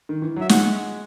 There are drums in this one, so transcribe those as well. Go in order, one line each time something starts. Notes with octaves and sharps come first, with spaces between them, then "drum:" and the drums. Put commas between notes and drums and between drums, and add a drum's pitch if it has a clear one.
D#3
E3
F#3 E5
G#3 F#5, drum: snare